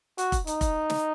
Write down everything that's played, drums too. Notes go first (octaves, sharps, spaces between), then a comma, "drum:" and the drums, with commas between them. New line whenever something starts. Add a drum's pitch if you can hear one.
F#4, drum: hi-hat
drum: kick F1, hi-hat
D#4, drum: hi-hat
drum: kick F1, hi-hat
drum: snare